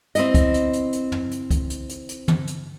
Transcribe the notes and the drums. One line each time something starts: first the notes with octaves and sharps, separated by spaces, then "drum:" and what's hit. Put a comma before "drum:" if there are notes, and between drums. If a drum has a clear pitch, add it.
C4 E4 D#5, drum: hi-hat
drum: kick, hi-hat
drum: hi-hat
drum: hi-hat
drum: hi-hat
drum: tom
drum: hi-hat
drum: kick, hi-hat
drum: hi-hat
drum: hi-hat
drum: hi-hat
drum: tom
drum: hi-hat